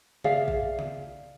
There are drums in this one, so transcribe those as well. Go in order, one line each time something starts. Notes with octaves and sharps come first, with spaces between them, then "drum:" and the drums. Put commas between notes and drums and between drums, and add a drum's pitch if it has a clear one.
G#4 D5 E5 F5, drum: tom C#3
drum: kick A1
drum: tom C#3